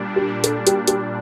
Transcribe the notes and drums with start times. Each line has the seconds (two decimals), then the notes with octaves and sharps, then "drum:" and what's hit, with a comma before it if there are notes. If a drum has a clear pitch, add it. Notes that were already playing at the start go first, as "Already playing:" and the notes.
Already playing: A#2 G3 D4
0.16 G4
0.44 A4, drum: hi-hat
0.67 G4, drum: hi-hat
0.87 G4, drum: hi-hat